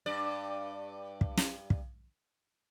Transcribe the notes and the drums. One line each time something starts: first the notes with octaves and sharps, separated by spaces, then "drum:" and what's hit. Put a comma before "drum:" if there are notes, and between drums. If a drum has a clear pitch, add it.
G2 D5
drum: kick
drum: snare
drum: kick